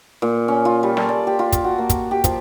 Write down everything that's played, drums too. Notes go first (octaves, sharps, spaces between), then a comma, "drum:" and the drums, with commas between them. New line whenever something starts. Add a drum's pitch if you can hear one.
A#2
C#4
F4
G3
A4, drum: snare
D5
G4
F4
drum: kick, hi-hat
F#4
A#3
drum: kick, hi-hat
G4
F3, drum: kick, hi-hat